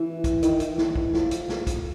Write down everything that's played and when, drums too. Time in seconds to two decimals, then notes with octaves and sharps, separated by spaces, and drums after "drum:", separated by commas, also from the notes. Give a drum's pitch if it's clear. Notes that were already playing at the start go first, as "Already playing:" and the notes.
Already playing: E3
0.24 drum: kick, hi-hat
0.43 D#3, drum: hi-hat
0.60 E3, drum: hi-hat
0.78 E3, drum: snare
0.95 drum: kick
1.13 F3, drum: snare
1.31 drum: hi-hat
1.49 drum: snare
1.67 drum: kick, hi-hat